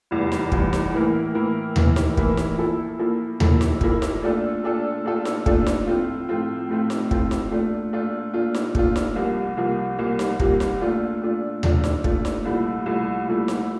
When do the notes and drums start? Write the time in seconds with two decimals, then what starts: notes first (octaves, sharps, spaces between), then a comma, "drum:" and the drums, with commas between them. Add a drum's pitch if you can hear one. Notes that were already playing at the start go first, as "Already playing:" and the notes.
0.11 F1 E2 E3 G3
0.32 drum: snare D#4
0.52 F1 E2 E3 G3, drum: kick
0.73 drum: snare D#4
0.94 A2 E3 A#3 E4 A#4
1.35 A2 E3 A#3 E4 A#4
1.76 A2 E3 A#3 E4 A#4, drum: tom D#2
1.96 drum: snare D#4
2.17 A2 E3 A#3 E4 A#4, drum: kick
2.37 drum: snare D#4
2.58 A#2 F3 A#3 E4 A4
2.99 A#2 F3 A#3 E4 A4
3.40 A#2 F3 A#3 E4 A4, drum: tom D#2
3.61 drum: snare D#4
3.81 A#2 F3 A#3 E4 A4, drum: kick
4.02 drum: snare D#4
4.22 A#2 A3 D4 F4 A4
4.63 A#2 A3 D4 F4 A4
5.05 A#2 A3 D4 F4 A4
5.25 drum: snare D#4
5.46 A#2 A3 D4 F4 A4, drum: kick
5.66 drum: snare D#4
5.87 A2 F3 A3 C4 F4
6.29 A2 F3 A3 C4 F4
6.69 A2 F3 A3 C4 F4
6.90 drum: snare D#4
7.11 A2 F3 A3 C4 F4, drum: kick
7.31 drum: snare D#4
7.51 A#2 A3 D4 F4
7.93 A#2 A3 D4 F4
8.34 A#2 A3 D4 F4
8.54 drum: snare D#4
8.75 A#2 A3 D4 F4, drum: kick
8.96 drum: snare D#4
9.16 C2 C3 F3 A#3
9.57 C2 C3 F3 A#3
9.98 C2 C3 F3 A#3
10.19 drum: snare D#4
10.40 C2 C3 F3 A#3, drum: kick
10.60 drum: snare D#4
10.81 A#2 A3 D4 F4
11.22 A#2 A3 D4 F4
11.63 A#2 A3 D4 F4, drum: tom D#2
11.84 drum: snare D#4
12.04 A#2 A3 D4 F4, drum: kick
12.25 drum: snare D#4
12.45 C2 A#2 F3 A3 E4
12.86 C2 A#2 F3 A3 E4
13.27 C2 A#2 F3 A3 E4
13.48 drum: snare D#4